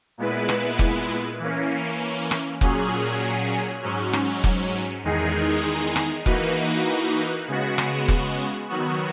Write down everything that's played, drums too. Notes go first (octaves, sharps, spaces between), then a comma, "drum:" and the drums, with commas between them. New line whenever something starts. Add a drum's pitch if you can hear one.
A#2 G#3 B3 E4 B4
drum: rim click
drum: kick F1
E3 A#3 C#4
drum: rim click
A#2 F#3 C#4 G#4, drum: kick F1
G#2 F#3 C#4
drum: rim click
drum: kick F1
E2 D#3 G#3 D#4 G#4
drum: rim click
E3 A#3 D#4 F#4 B4, drum: kick F1
C#3 G#3 B3 F#4
drum: rim click
drum: kick F1
D#3 F#3 B3 F#4